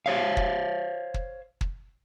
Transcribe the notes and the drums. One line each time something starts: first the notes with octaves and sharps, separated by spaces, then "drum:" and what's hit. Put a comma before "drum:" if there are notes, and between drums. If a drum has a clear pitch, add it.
C5 C#5 F5
drum: kick
drum: kick
drum: kick